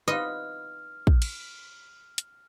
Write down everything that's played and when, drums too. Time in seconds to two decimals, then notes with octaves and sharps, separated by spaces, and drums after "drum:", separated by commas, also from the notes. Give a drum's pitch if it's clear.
0.08 D#4 B4 D#5 F5 F6
1.07 drum: kick
1.22 drum: cymbal
2.18 drum: hi-hat